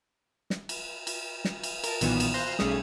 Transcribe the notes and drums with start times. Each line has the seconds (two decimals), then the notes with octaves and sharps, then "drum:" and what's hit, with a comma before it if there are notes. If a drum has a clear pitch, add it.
0.50 drum: snare
0.69 drum: cymbal
1.07 drum: cymbal
1.45 drum: snare
1.63 drum: cymbal
1.84 A#4 A5, drum: cymbal
2.01 B1 A#2 D#3 E3 B3, drum: cymbal
2.20 drum: cymbal
2.34 C5 F5 C6 F#6 A#6
2.59 B1 G3 A3 C#4 G#4 D#6, drum: snare